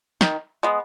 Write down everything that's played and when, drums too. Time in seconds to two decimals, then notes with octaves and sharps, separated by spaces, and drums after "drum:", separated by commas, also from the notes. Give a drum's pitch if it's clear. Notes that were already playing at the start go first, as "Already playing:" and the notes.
0.21 D#3, drum: snare
0.63 G#3 B3